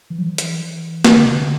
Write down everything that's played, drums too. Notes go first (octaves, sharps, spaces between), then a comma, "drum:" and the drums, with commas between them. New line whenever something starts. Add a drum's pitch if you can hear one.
E3
F#3
E3
drum: hi-hat
drum: snare
D3
C3
D3